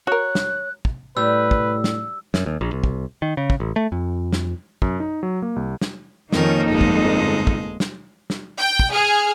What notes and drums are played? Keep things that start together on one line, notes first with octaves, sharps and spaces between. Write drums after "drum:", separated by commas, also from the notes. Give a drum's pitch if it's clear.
F#4 A#4 C#5 F#6
drum: snare
drum: kick
A2 G3 B4 E6
drum: kick
drum: snare
F#2, drum: snare
D#2
A#1
C2
drum: kick
D#3
C#3
drum: kick
A1
A3
F2
drum: snare
F#2, drum: kick
D#4
F#3
A#3
C2
drum: snare
F2 D#3 A#3 C#4 D#4 A4 A#4, drum: snare
G1 F2 G#3
drum: kick
drum: kick
drum: snare
drum: snare
G5
drum: kick
G#4 G#5 F6